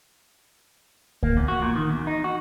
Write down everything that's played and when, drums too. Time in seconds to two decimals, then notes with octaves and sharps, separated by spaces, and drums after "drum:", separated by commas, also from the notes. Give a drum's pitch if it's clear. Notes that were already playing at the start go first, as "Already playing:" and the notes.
1.23 A#3, drum: kick C#2
1.37 E2
1.48 F#4
1.62 A#2
1.76 D#3
1.89 E2
2.07 D#4
2.24 F#4